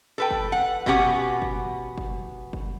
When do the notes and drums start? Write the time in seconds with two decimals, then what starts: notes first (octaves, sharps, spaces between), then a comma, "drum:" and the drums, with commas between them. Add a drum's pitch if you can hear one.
0.18 A4 B4 G5
0.31 drum: kick
0.52 F#5
0.86 B2 B3 C#4 G4 F#5, drum: kick
1.42 drum: kick
1.98 drum: kick
2.53 drum: kick